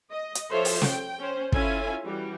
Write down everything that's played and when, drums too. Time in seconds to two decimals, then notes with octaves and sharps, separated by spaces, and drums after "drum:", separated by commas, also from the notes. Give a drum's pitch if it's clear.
0.12 D#5
0.35 drum: hi-hat
0.50 F3 F4 A4 C5 C#5 E5
0.65 drum: open hi-hat
0.82 G5, drum: snare
1.19 C#4 C5
1.52 C#4 E4 F4 A4 E5 G#5, drum: kick
2.04 E3 G3 F#4 G4